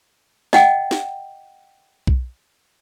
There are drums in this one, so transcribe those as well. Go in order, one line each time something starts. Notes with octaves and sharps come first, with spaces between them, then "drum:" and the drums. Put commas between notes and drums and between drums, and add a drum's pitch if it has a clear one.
D#5 F#5 G5, drum: snare
drum: snare
drum: kick B1